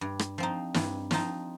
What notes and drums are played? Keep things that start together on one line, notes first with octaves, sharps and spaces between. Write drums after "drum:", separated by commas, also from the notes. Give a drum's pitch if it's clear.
G2
drum: rim click
F3 C4 D#4
G2, drum: snare
F3 C4 D#4, drum: snare